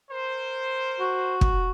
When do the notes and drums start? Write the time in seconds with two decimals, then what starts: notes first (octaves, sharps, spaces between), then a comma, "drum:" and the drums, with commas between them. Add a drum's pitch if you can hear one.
0.11 A#4 C5
1.00 F#4
1.41 drum: kick